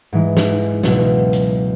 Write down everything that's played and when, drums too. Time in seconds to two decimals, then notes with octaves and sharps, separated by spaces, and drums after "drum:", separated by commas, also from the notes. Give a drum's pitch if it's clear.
0.13 G#2 E3 G#3
0.37 drum: snare
0.84 C#2 B2 F#3, drum: snare
1.33 drum: hi-hat